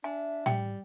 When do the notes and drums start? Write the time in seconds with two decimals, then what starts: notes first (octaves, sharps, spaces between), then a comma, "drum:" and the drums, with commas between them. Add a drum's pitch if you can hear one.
0.04 D4 E5 G#5
0.46 G3 G5, drum: tom A2